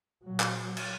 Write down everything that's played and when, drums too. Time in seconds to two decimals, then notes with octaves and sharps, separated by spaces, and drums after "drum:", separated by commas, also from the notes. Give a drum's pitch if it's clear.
0.23 A#2 F#3
0.40 drum: clap
0.77 drum: cymbal